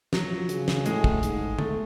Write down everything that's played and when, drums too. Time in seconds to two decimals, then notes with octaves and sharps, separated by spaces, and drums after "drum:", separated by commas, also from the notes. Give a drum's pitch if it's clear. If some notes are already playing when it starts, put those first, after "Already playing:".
0.13 F3 F#3, drum: snare
0.49 C#3, drum: hi-hat
0.68 drum: snare
0.86 A2 G#3, drum: hi-hat
1.04 drum: kick
1.23 G#2, drum: hi-hat
1.59 A3, drum: tom